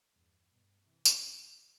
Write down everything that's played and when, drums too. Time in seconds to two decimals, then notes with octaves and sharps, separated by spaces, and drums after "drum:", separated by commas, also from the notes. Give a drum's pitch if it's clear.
0.13 E2 G2
0.49 G2 B2
0.84 C3 E3
1.05 drum: tambourine